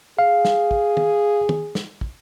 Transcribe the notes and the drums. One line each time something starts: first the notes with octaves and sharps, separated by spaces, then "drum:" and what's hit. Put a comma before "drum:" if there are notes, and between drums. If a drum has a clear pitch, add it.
G#4 F5
drum: snare
drum: kick
drum: tom
drum: tom
drum: snare
drum: kick